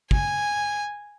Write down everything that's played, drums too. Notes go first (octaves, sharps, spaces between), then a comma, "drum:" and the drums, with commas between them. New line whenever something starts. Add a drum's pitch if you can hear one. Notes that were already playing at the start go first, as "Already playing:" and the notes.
G#5, drum: kick